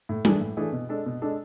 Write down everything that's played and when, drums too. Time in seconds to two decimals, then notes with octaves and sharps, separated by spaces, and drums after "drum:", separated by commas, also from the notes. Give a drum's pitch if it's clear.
0.09 A2
0.25 E3 A3 D4 G#4, drum: tom G3
0.41 A2
0.57 E3 A3 D4 G#4
0.73 B2
0.89 G#3 D4 A4
1.06 B2
1.22 G#3 D4 A4